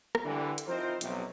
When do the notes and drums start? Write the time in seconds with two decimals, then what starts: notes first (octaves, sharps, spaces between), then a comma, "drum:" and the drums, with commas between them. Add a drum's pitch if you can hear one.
0.15 drum: rim click
0.25 D3 E3 G3
0.58 drum: hi-hat
0.67 F3 C4 D#4 E4 A#4 C5
1.01 B1 C3, drum: hi-hat